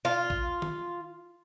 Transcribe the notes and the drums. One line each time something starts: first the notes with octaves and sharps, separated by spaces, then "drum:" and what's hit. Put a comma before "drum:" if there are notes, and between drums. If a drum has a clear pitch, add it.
F4
drum: kick
drum: tom D#3